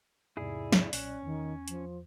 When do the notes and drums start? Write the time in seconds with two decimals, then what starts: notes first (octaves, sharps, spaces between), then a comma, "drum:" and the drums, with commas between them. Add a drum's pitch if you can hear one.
0.37 E2 G#2 C3 E4 G#4 D5
0.72 drum: snare
0.93 B1 A#2 C#4 F#6, drum: open hi-hat
1.24 E2 D#3
1.68 F3, drum: hi-hat